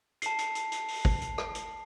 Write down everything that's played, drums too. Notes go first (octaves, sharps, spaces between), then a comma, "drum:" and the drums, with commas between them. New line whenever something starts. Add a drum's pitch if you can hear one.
A5 C7, drum: hi-hat
drum: hi-hat
drum: hi-hat
drum: hi-hat
drum: open hi-hat
drum: kick
drum: hi-hat
drum: rim click
drum: hi-hat